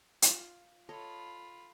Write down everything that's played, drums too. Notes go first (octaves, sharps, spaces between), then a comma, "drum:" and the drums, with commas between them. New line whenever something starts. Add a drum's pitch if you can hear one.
F4, drum: hi-hat
F4 A4 C#5 D#5 B5